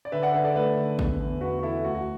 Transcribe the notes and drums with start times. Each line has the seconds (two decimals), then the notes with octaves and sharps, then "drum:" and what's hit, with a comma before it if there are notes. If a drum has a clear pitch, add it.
0.05 D5
0.12 D3 B4 E5
0.22 D5 F#5
0.33 D3 B4 E5
0.44 A4 D5
0.55 A3 B4 E5
0.77 D3
0.99 E2, drum: kick A1
1.20 E2
1.41 E2 F#4 B4
1.59 F#4
1.63 E3 E4 A4
1.84 D2 F#4
1.95 F#4